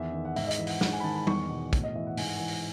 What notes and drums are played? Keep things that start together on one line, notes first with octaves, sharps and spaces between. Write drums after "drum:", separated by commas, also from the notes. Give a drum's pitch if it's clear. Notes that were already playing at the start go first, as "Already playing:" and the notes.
Already playing: E2 D#3 E5
D#3
F#5
G#2 E5, drum: open hi-hat
D#5
E5, drum: hi-hat
E3
F#5, drum: open hi-hat
G#2 F#5, drum: snare
G#5
B5
D#3 A5
B5
E2 C#6, drum: tom
B2
A2, drum: kick, hi-hat
D#5
E3 E5
F#5
G#2 G#5, drum: open hi-hat
F#5
E3 G#5
drum: open hi-hat